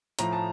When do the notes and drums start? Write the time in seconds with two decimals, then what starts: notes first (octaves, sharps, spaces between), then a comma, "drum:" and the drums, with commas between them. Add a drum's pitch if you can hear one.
0.19 A2 F3 A#5, drum: hi-hat
0.33 A5